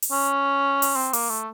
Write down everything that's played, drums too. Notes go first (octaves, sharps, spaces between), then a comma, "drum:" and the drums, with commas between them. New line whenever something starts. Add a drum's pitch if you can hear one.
drum: open hi-hat
C#4
drum: open hi-hat
C4
A#3, drum: open hi-hat
A3